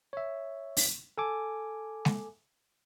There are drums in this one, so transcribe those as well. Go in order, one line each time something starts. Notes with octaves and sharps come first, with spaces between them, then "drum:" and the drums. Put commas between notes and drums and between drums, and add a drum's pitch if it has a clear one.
C#5 E5
drum: open hi-hat
A4 G#5 D6
drum: snare G#3